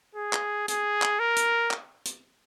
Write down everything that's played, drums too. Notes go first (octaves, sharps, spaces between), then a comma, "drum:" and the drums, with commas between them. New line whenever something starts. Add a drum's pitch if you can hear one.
G#4
drum: clap
G#4, drum: hi-hat
drum: clap
A#4
drum: hi-hat
drum: clap
drum: hi-hat